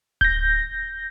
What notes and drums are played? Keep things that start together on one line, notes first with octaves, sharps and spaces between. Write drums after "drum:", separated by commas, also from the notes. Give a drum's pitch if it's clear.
G6 A#6, drum: kick D1